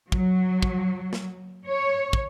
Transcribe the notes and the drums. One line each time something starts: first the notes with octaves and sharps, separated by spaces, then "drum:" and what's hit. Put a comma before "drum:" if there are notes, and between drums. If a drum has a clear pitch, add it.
F#3, drum: kick
drum: kick
drum: snare
C#5
drum: kick